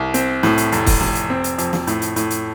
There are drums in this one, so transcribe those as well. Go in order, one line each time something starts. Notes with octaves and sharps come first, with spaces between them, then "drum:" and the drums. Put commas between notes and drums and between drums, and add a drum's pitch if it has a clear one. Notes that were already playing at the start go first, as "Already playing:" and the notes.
Already playing: C2
C4, drum: hi-hat
A2, drum: snare
drum: hi-hat
F1, drum: hi-hat
drum: kick, open hi-hat
F1, drum: snare
drum: hi-hat
C4
drum: hi-hat
F2, drum: hi-hat
drum: snare
A2, drum: hi-hat
drum: hi-hat
A2, drum: hi-hat
drum: hi-hat